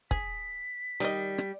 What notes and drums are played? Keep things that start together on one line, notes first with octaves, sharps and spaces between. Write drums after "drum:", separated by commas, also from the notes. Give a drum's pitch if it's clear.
G#4 B6, drum: kick
D#3 G3 D#5, drum: hi-hat
drum: rim click